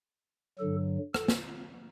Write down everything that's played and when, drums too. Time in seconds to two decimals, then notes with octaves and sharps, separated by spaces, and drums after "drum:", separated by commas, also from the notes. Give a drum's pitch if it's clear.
0.59 G2 D3 F#3 A4
1.14 A4, drum: rim click
1.28 drum: snare